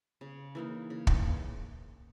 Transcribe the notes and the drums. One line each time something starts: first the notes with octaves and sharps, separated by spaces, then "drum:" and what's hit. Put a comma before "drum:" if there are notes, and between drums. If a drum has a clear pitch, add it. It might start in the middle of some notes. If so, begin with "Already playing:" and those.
C#3
E3 A#3 D#4
C#3
drum: kick